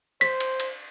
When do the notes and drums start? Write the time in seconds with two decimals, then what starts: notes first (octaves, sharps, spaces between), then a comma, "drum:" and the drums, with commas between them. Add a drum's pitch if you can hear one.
0.21 C5 B6, drum: cymbal
0.40 drum: cymbal
0.60 drum: cymbal